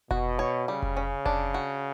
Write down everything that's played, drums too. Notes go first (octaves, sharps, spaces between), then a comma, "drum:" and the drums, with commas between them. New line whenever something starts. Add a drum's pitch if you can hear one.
B2 F#4, drum: kick F1
C#5
C#3 G3
drum: kick F1
C#4
D4, drum: kick F1
F#4